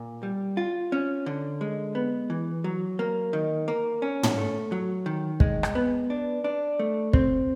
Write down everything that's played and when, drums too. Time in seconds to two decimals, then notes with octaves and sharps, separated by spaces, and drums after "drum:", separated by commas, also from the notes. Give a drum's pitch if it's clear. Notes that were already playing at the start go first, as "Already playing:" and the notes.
Already playing: A#2
0.23 G3
0.57 F4
0.92 C#4
1.26 D3
1.61 G#3
1.95 B3
2.30 E3
2.64 F#3
2.99 A#3
3.33 D#3
3.68 A#3
4.02 C#4
4.23 drum: tom
4.38 A3
4.72 F#3
5.06 D#3
5.40 G#3, drum: kick
5.63 drum: rim click
5.75 B3
6.10 D4
6.44 D4
6.79 A3
7.13 C4, drum: kick